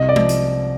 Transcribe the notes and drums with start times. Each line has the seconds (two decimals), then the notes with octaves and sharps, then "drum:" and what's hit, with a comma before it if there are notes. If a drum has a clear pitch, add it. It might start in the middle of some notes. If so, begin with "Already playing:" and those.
Already playing: C2 D#5
0.09 D5
0.16 F3, drum: tom G#3
0.29 drum: hi-hat